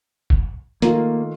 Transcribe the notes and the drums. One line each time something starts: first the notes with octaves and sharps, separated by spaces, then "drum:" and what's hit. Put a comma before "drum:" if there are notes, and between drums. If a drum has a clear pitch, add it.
drum: kick
D#3 A3 A#3 F4, drum: hi-hat